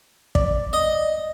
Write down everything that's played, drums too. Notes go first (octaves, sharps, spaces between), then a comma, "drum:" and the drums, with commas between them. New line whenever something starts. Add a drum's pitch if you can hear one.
D5, drum: kick
D#5